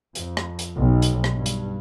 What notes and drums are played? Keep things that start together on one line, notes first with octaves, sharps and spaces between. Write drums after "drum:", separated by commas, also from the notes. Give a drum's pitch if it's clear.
F2, drum: hi-hat
drum: rim click
drum: hi-hat
B1
drum: hi-hat
drum: rim click
G2
drum: hi-hat